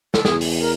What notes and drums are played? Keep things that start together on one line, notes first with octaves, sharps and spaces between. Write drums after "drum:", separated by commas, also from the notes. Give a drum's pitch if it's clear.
A4, drum: snare
E2 G#4, drum: snare
drum: open hi-hat
A#4